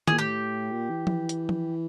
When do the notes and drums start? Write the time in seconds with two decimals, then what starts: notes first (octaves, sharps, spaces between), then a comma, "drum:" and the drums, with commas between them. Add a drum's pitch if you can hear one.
0.08 A#2 G#4, drum: tom D#3
0.18 A2 G4
0.72 A#2
0.90 E3
1.07 E3, drum: tom F3
1.29 drum: hi-hat
1.49 drum: tom F3